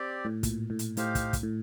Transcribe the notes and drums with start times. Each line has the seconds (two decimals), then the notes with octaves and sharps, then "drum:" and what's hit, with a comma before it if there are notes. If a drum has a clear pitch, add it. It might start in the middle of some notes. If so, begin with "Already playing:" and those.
Already playing: C4 G4 D5
0.25 A2
0.43 A#2, drum: kick, hi-hat
0.70 A2
0.79 drum: hi-hat
0.97 A2 D#4 G4 C5 F5, drum: hi-hat
1.15 drum: kick, hi-hat
1.33 drum: kick, hi-hat
1.43 A2